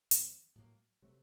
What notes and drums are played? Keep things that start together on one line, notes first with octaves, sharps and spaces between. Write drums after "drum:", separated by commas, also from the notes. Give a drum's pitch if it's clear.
F2 D#3 F#3 C4, drum: hi-hat
A2 F#3 A#3
C3 F#3 A3